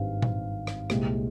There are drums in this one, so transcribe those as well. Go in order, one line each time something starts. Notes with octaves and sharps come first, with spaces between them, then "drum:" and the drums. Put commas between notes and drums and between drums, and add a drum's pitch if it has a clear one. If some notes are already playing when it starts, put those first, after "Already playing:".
Already playing: G#1 G2 G3 C4 F5
drum: tom A#2
drum: rim click
C2 A#2 G#3, drum: rim click